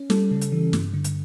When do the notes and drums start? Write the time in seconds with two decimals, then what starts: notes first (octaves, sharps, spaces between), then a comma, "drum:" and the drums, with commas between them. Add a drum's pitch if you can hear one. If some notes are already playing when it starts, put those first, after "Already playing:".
Already playing: C#4
0.10 G3 A4, drum: snare
0.31 C#3
0.41 drum: hi-hat
0.52 E3
0.73 G2, drum: snare
0.94 D3
1.04 drum: hi-hat